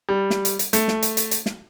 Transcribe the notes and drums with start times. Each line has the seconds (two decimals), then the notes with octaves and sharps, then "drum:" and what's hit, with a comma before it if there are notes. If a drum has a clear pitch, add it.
0.09 G3
0.30 drum: snare
0.45 drum: hi-hat
0.59 drum: hi-hat
0.73 A3, drum: hi-hat
0.88 drum: snare
1.02 drum: hi-hat
1.17 drum: hi-hat
1.31 drum: hi-hat
1.46 drum: snare